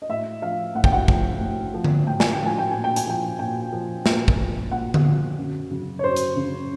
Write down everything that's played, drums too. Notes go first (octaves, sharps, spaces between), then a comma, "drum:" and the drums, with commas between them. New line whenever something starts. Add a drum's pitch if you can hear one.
D#5
A2 E5
F3 F5
A2 F#5
G5, drum: kick
F#5
F3, drum: kick
A2
F3
drum: tom D3
A2 G5
G#5, drum: snare
G5
F3
G#5
G5
A#2 G#5
G5
G#5, drum: hi-hat
F3 G5
A#2 G5
F3
A#2, drum: snare
drum: kick
F3
A#2 F#5
drum: tom D3
F3
F#2
C#3 F#3
C#5
F#2 C5
drum: hi-hat
C#3 F#3